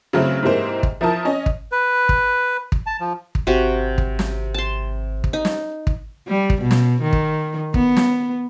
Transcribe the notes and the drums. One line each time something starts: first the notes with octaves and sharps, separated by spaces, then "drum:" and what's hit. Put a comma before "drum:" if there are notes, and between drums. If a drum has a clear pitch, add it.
C#3 E3 F#3 A3 C4
G#2 C3 E3 A#3 C5
drum: kick
F3 E4 A#4 A5 D#6
C#4 D#5
drum: kick
B4
drum: kick
drum: kick
A5
F3
drum: kick
G#1 C3 F#4
drum: kick
drum: snare
A5 C6
drum: kick
D#4
drum: snare
drum: kick
G3
drum: kick
B2
drum: snare
D#3
drum: kick
B3, drum: kick
drum: snare